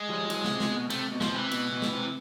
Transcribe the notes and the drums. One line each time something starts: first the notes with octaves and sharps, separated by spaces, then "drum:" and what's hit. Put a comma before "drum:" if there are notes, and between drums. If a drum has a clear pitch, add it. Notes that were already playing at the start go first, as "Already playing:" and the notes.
Already playing: G#3
F3 G3
E3 F#3, drum: cymbal
B2, drum: snare
C3
drum: snare
B2
C3 A3, drum: cymbal
B2
F3, drum: snare
C3 E3
B2, drum: cymbal
B2
drum: snare
C3